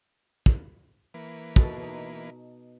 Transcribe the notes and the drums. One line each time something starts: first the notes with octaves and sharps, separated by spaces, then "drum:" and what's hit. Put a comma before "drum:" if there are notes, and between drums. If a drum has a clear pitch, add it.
drum: kick
E3 A#3 B4
B2 A4, drum: kick
D#4